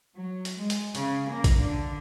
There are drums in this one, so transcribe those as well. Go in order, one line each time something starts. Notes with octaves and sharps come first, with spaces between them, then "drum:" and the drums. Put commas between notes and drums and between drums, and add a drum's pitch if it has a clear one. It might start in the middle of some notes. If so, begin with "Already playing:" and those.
F#3
drum: hi-hat
G#3
drum: hi-hat
C#3, drum: hi-hat
A#3
drum: kick, hi-hat
D3